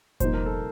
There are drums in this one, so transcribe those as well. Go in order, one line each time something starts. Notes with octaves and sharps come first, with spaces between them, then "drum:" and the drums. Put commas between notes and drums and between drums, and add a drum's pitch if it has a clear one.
C2 A#2 F3 A#3 D#4 C5, drum: kick F1, hi-hat
A#4
A4